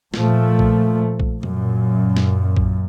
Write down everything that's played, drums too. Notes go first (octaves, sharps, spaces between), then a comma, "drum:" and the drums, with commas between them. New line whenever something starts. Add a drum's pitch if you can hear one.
A#2 F3 A3, drum: snare
drum: kick A#1
drum: kick A#1
F#2 A#2, drum: tom B2
drum: snare
drum: kick A#1